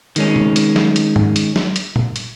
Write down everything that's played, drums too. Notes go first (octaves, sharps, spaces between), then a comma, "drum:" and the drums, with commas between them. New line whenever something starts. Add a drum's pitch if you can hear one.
D#3 G#3 C#4, drum: hi-hat
drum: tom
drum: hi-hat
drum: snare
drum: hi-hat
drum: tom G#2
drum: hi-hat
drum: snare
drum: hi-hat
drum: tom A#2
drum: hi-hat